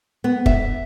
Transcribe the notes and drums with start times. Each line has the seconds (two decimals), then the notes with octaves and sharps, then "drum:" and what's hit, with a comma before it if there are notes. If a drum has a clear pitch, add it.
0.24 B3
0.46 E5, drum: kick